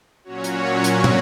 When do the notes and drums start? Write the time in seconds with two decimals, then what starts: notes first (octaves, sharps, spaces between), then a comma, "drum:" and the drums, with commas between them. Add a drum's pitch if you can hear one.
0.24 A#2 F#3 C#4 F#4 C#5
0.44 drum: hi-hat
0.84 drum: hi-hat
1.04 drum: tom